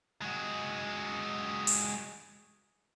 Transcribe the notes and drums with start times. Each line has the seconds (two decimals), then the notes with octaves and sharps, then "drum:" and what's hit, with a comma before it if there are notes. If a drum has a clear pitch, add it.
0.21 G#3 F#4
1.67 drum: open hi-hat